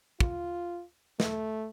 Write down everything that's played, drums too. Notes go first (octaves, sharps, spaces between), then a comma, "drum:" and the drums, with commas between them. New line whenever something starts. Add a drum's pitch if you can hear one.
F4, drum: kick
A3, drum: snare